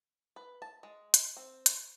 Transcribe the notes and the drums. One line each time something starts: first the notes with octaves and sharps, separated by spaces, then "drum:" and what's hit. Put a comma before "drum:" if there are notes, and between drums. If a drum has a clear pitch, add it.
B4
A5
G#3
drum: hi-hat
C4
drum: hi-hat